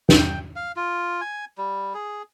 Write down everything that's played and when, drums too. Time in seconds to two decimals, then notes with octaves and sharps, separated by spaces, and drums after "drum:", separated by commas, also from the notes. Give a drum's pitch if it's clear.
0.09 G5, drum: snare
0.56 F5
0.76 F4
1.21 G#5
1.58 G3
1.94 G#4